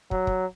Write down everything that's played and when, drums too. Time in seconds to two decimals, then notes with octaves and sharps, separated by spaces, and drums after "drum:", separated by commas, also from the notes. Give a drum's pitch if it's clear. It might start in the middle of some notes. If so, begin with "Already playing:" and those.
0.11 F#3, drum: kick
0.27 drum: kick